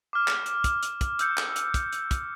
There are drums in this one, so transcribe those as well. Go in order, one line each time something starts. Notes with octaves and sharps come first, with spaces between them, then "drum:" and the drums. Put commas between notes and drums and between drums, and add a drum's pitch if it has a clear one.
D6 F6
drum: clap
drum: hi-hat
drum: kick, hi-hat
drum: hi-hat
drum: kick, hi-hat
E6 G6 C#7, drum: hi-hat
drum: clap
drum: hi-hat
drum: kick, hi-hat
drum: hi-hat
drum: kick, hi-hat